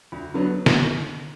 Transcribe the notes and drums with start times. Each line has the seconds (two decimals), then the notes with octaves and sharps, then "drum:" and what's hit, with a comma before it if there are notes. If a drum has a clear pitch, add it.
0.12 D2
0.34 D3 F#3 B3
0.66 drum: snare